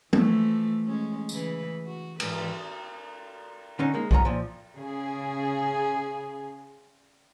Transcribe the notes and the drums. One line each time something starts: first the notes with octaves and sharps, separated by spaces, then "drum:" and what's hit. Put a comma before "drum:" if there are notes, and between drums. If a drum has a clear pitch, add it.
E3 F3 A3, drum: tom F3
G#3 C#4
C#3 E3 B4, drum: tambourine
F#4
G#2 E3 B4, drum: cymbal
D3 C#4 D#4
G#3 A#3
G#2 F3 C#5 A#5, drum: kick
A#2 F3
C#3 G#4